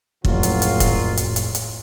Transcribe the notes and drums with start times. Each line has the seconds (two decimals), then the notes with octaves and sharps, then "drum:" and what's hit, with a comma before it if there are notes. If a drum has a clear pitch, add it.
0.25 F#1 F2 A2 F#3 F4, drum: kick
0.43 drum: hi-hat
0.62 drum: hi-hat
0.80 drum: kick, hi-hat
1.17 drum: hi-hat
1.36 drum: hi-hat
1.55 drum: hi-hat